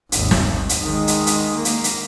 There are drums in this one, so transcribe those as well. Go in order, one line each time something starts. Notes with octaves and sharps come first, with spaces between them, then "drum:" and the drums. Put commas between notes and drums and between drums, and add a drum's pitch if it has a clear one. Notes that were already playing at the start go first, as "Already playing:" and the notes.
G#1 D#2, drum: hi-hat
drum: snare
drum: hi-hat
D#3 G#3
drum: hi-hat
drum: hi-hat
A#3
drum: hi-hat
drum: hi-hat